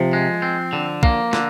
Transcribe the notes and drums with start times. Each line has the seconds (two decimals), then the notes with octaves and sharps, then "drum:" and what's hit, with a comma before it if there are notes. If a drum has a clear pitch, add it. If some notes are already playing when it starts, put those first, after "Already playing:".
Already playing: C3 F3
0.13 G#3
0.42 C4
0.73 D3
1.03 A#3, drum: kick
1.33 D3, drum: snare